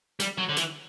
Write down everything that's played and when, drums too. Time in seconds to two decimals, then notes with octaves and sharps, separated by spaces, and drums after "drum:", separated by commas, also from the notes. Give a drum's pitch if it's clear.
0.20 G3, drum: hi-hat
0.38 F#3
0.49 D3
0.57 E3, drum: hi-hat